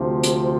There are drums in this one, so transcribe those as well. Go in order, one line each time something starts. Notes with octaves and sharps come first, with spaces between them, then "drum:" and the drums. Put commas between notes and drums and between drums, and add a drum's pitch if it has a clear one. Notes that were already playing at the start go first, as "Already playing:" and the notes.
Already playing: D2 C3 F3
drum: hi-hat